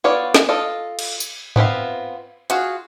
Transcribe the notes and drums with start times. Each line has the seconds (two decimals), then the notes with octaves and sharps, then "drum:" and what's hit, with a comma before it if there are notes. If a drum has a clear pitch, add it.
0.04 B3 F4 C#5 D5
0.34 drum: snare
0.49 F4 A4 D#5
0.99 drum: cymbal
1.20 drum: tambourine
1.56 B3 C4 F4 E5, drum: tom G#2
2.50 F4 F#4 G#4, drum: hi-hat